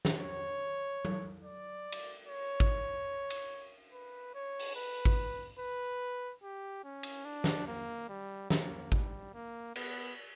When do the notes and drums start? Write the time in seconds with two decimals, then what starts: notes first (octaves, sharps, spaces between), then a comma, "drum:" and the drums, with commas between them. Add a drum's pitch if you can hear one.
0.05 drum: snare
0.18 C#5
1.05 drum: tom F#3
1.44 D5
1.92 drum: cymbal
2.27 C#5
2.60 drum: kick G#1
3.30 drum: cymbal
3.92 B4
4.34 C#5
4.59 drum: open hi-hat
4.76 B4
5.05 drum: kick G#1
5.59 B4
6.43 G4
6.84 C#4
7.03 drum: cymbal
7.25 D4
7.44 drum: snare
7.67 A#3
8.09 G3
8.50 A#3, drum: snare
8.92 G3, drum: kick G#1
9.34 A#3
9.76 B3, drum: cymbal